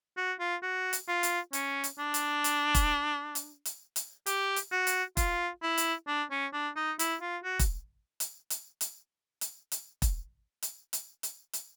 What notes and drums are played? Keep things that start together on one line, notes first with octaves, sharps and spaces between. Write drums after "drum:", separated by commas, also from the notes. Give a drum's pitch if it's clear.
F#4
F4
F#4
drum: hi-hat
F4
drum: hi-hat
C#4, drum: hi-hat
drum: hi-hat
D4
drum: hi-hat
drum: hi-hat
drum: kick E1, hi-hat
drum: hi-hat
drum: hi-hat
drum: hi-hat
G4, drum: hi-hat
drum: hi-hat
F#4
drum: hi-hat
F4, drum: kick E1, hi-hat
E4
drum: hi-hat
D4
C#4
D4
D#4
E4, drum: hi-hat
F4
F#4
drum: kick E1, hi-hat
drum: hi-hat
drum: hi-hat
drum: hi-hat
drum: hi-hat
drum: hi-hat
drum: kick E1, hi-hat
drum: hi-hat
drum: hi-hat
drum: hi-hat
drum: hi-hat